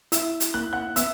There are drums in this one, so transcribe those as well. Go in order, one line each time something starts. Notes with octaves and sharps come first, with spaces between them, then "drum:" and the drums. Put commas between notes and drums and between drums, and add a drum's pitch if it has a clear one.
E4 E5 E6, drum: hi-hat
drum: hi-hat
A#3 F#6
F#5 F#6
B3 E5 E6, drum: hi-hat